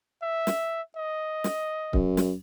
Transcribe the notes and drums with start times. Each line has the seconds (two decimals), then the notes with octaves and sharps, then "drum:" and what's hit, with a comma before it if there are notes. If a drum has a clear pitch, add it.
0.22 E5
0.47 drum: snare
0.96 D#5
1.44 drum: snare
1.93 F#2, drum: kick C#1
2.17 drum: snare